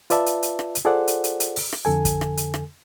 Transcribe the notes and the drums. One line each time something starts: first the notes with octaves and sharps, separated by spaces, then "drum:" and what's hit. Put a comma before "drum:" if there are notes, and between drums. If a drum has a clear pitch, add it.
F4 B4 D5 E5 A5, drum: hi-hat
drum: hi-hat
drum: hi-hat
drum: rim click
drum: hi-hat
F4 G#4 A4 C5 D5 F#5
drum: hi-hat
drum: hi-hat
drum: hi-hat
drum: open hi-hat
drum: rim click
F2 D3 A4 G#5
drum: kick, hi-hat
drum: rim click
drum: hi-hat
drum: rim click